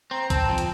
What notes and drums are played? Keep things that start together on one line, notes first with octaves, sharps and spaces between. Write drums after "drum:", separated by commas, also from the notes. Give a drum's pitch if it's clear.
C4 A#5
C4 A5, drum: kick B1, hi-hat
F3 G5
drum: hi-hat